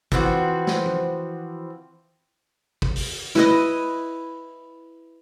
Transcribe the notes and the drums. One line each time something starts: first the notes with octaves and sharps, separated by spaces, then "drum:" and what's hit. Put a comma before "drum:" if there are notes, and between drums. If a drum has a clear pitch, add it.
E3 F3 C4 F#4, drum: kick
drum: snare
drum: tom F3
drum: kick
drum: open hi-hat
E4 B4 D#5, drum: snare